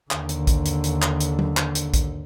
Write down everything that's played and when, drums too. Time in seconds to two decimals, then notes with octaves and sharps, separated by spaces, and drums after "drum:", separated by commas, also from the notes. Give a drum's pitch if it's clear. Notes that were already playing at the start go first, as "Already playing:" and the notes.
0.11 D#2 D3, drum: clap
0.29 drum: hi-hat
0.47 drum: kick A#1, hi-hat
0.66 drum: hi-hat
0.84 drum: hi-hat
1.02 drum: clap
1.20 drum: hi-hat
1.39 drum: tom F#3
1.57 drum: clap
1.75 drum: hi-hat
1.94 drum: kick A#1, hi-hat